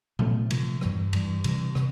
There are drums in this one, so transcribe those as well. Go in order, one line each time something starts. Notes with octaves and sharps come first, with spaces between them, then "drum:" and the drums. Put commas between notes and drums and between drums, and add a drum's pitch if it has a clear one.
C3 F3 A3, drum: tom A#2
C3 F3 A3, drum: cymbal
G2 E3 G3, drum: rim click
G2 E3 G3, drum: cymbal
C3 E3 G3, drum: cymbal
C3, drum: rim click